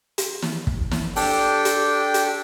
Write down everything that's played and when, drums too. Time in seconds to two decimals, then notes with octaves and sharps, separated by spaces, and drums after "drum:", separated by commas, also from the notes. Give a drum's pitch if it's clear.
0.18 drum: hi-hat
0.42 drum: snare
0.67 drum: kick
0.91 drum: snare
1.16 D4 G4 A4 G5, drum: open hi-hat
1.65 drum: hi-hat
2.14 drum: hi-hat